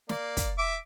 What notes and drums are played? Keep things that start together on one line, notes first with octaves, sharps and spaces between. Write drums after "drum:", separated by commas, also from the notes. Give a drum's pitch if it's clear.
A#3 D5, drum: snare
drum: kick, hi-hat
E5 D6